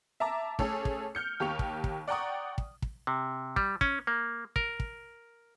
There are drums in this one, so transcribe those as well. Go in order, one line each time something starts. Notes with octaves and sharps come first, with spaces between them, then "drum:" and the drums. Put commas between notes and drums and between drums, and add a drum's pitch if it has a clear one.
E5 A5 A#5 D6
A3 C#4 G#4 A4, drum: kick
drum: kick
F6 G6 C#7
D#2 G4 C#6 F7
drum: kick
drum: kick
D5 F#5 G5 A#5 C#6 D#6
drum: kick
drum: kick
C3
G3, drum: kick
C#4, drum: kick
A#3
A#4, drum: kick
drum: kick